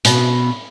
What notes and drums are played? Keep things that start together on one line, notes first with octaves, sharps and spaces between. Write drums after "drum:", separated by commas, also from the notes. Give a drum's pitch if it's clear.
B2, drum: hi-hat